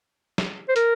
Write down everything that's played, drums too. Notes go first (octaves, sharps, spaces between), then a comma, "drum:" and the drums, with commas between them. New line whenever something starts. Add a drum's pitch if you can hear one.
drum: snare
C5
A#4, drum: hi-hat